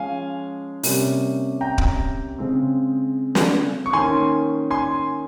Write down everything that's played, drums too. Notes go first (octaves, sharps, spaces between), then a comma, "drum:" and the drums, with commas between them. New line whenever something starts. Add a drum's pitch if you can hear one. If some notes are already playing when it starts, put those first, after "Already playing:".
Already playing: F3 G#3 C#4 F5 G#5
C3 G3 A#3 C#4, drum: open hi-hat
G5 A#5
drum: kick D1
C#3 G#3 C4
drum: snare
C#6
D#3 A#3 C#4 G#5 C6
G#5 C6